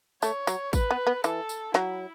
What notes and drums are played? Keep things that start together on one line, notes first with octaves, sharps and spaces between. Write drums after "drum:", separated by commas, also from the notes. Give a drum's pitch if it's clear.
A3 C#5, drum: tambourine
F#3, drum: tambourine
B4, drum: kick, tambourine
B3
B3
E3 A4, drum: tambourine
drum: tambourine
F#3 E4, drum: snare